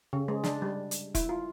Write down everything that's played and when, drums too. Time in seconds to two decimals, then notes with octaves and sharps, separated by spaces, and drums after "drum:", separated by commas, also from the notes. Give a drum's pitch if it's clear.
0.13 C#3
0.28 G#3
0.44 D4, drum: snare
0.62 G3
0.91 drum: hi-hat
1.15 E4, drum: kick E1, hi-hat
1.29 F4